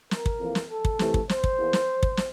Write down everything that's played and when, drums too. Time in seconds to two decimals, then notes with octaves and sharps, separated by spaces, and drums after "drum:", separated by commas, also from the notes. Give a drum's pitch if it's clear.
0.11 A#4, drum: snare
0.26 drum: kick
0.40 F2 E3 A#3
0.55 drum: snare
0.70 A4
0.85 drum: kick
0.99 C3 E3 A3, drum: snare
1.14 drum: kick
1.29 C5, drum: snare
1.44 drum: kick
1.58 E2 E3 A#3
1.73 drum: snare
2.03 drum: kick
2.17 drum: snare